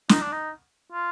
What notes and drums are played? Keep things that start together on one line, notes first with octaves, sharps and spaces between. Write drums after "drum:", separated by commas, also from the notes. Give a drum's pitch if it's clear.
D#4, drum: snare
D4
D#4
F4